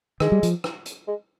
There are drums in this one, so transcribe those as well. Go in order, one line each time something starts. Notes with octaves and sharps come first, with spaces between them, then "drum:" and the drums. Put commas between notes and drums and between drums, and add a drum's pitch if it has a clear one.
D#3 G#3, drum: rim click
G3
F3, drum: hi-hat
drum: rim click
drum: hi-hat
G#3